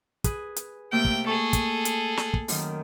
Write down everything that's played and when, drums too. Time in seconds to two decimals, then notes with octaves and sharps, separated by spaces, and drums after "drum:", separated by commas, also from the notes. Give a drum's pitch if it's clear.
0.24 G#4 B4, drum: kick, hi-hat
0.56 drum: hi-hat
0.92 C3 A3 A#3 G5
1.05 drum: kick
1.27 G#4 A4 C#6
1.53 drum: kick, hi-hat
1.85 drum: hi-hat
2.17 drum: snare
2.34 drum: kick
2.48 F#2 D#3, drum: open hi-hat